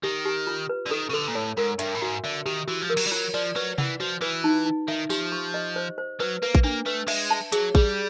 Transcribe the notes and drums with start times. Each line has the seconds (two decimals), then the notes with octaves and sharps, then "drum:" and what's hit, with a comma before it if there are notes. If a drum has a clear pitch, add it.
0.03 D#3 G4
0.25 G4
0.47 F4
0.69 B4
0.86 D3
0.91 D#3 A4
1.10 C#3
1.13 D3 A4
1.28 A#2
1.35 A2 C#5
1.57 G#2 A#4
1.79 G2 E5, drum: hi-hat
1.95 A2
2.01 G#2 F#4
2.24 D3 E5
2.46 D#3 G4
2.67 E3 F#4
2.82 F3
2.90 A#4
2.97 F#3, drum: cymbal
3.07 G3
3.11 F#3 F4
3.34 F3 D5
3.56 F#3 B4
3.78 E3 F#5, drum: tom C3
4.00 F3 F#4
4.21 E3 B4
4.44 D#4
4.66 D#4
4.88 D#3 E5
5.10 F3 G4, drum: tambourine
5.32 C#6
5.54 D#5
5.76 C5
5.98 C5
6.20 F#3 B4
6.42 A#3 B4
6.55 drum: kick A1
6.64 A#3 D4
6.86 A3 B4
7.08 G#3 E5, drum: cymbal
7.30 A5
7.52 F#3 G#4, drum: hi-hat
7.75 G3 G#4, drum: kick A1